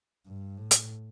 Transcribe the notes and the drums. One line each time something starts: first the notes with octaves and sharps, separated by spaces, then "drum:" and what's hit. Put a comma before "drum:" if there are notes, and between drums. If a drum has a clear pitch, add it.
G2
A2
drum: hi-hat